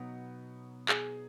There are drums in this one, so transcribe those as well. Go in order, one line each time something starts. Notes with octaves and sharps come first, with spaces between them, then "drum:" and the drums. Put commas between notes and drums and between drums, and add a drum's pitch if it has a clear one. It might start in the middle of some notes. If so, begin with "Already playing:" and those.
Already playing: B2 F#3 B3 D#4
G#4, drum: clap